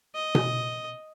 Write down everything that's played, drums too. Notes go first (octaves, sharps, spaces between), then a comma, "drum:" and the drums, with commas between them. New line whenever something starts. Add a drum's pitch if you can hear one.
D#5
drum: tom B2